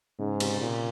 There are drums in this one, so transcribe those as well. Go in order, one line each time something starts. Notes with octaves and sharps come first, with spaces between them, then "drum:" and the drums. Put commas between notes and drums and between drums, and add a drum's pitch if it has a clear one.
G#2 C#3
C3, drum: cymbal
A#2